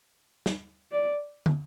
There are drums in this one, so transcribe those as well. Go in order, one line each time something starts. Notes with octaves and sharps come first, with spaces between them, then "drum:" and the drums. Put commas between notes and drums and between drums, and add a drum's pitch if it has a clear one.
drum: snare
D5
drum: tom